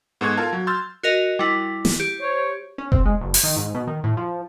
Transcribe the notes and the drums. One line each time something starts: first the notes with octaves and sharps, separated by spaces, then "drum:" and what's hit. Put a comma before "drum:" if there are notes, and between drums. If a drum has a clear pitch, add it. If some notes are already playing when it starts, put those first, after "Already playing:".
G#2 B3 A4 C#6 F#6 G#6
F4 A4 A#4 F5 A5
F#3
C6 E6 F6 G6 A6
F#4 A#4 D#5
G3 E4
drum: snare
G4
C5 C#5
C#4
C4, drum: kick F1
G#3
F#1
drum: open hi-hat
D#3
G#2
B2
D#3
A2
F3